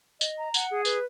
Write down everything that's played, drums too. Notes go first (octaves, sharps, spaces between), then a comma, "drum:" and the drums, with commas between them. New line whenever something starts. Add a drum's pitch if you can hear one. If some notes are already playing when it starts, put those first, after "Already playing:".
D#5, drum: tambourine
A#5
F#5, drum: tambourine
G#4
B4, drum: tambourine